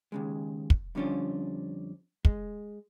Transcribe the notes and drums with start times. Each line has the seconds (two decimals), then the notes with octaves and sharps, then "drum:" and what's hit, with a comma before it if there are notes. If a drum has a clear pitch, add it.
0.12 D#2 C#3 G#3
0.70 drum: kick
0.95 F2 D3 G3 C#4 D4 F4
2.25 G#3, drum: kick